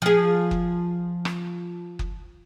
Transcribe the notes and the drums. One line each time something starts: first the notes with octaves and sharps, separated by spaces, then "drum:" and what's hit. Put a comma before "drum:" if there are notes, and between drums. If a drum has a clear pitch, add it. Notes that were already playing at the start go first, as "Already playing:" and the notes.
F3 G#4
drum: kick F#1
drum: rim click
drum: kick F#1